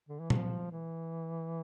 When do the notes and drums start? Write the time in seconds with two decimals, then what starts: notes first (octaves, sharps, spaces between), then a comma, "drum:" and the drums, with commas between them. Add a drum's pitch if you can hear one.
0.09 D3
0.19 E3
0.30 F3, drum: tom A#2
0.71 E3